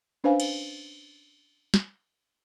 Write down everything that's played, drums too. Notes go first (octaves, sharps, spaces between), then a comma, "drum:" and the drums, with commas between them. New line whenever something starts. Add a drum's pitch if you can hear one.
C#4 D4 B4 C5 F5 G#5
drum: cymbal
drum: snare